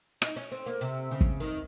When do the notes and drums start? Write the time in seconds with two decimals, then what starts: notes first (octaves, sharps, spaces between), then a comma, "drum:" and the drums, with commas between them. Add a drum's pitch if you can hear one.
0.22 D#4, drum: rim click
0.36 C#4
0.52 C4
0.66 A#3
0.81 C3
1.11 C#3
1.21 drum: kick
1.40 D#3